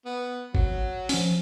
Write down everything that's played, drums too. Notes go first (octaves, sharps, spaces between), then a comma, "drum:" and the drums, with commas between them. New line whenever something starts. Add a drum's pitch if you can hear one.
B3
F#3, drum: kick
F3 C#4, drum: open hi-hat